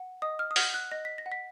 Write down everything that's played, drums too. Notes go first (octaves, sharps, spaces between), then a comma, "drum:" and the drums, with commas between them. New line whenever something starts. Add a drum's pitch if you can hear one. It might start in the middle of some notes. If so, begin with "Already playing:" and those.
Already playing: F#5
D#5 D#6
F6
D#6
F#5 F6, drum: open hi-hat
F#6
D#5 A#6
B6
A#6
F#5
B6